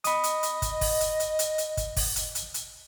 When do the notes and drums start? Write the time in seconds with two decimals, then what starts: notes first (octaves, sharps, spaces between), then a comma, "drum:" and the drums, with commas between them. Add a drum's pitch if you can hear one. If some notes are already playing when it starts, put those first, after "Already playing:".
0.04 D#5 B5 D#6, drum: hi-hat
0.24 drum: hi-hat
0.43 drum: hi-hat
0.62 drum: kick, hi-hat
0.81 drum: kick, open hi-hat
1.00 drum: hi-hat
1.20 drum: hi-hat
1.39 drum: hi-hat
1.58 drum: hi-hat
1.77 drum: kick, hi-hat
1.97 drum: kick, open hi-hat
2.16 drum: hi-hat
2.35 drum: hi-hat
2.54 drum: hi-hat